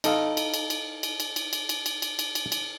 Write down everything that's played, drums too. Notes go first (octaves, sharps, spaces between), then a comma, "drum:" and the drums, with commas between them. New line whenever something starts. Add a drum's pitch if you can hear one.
D#4 A4 D#5 F5, drum: cymbal
drum: cymbal
drum: cymbal
drum: cymbal
drum: cymbal
drum: cymbal
drum: cymbal
drum: cymbal
drum: cymbal
drum: cymbal
drum: cymbal
drum: cymbal
drum: cymbal
drum: cymbal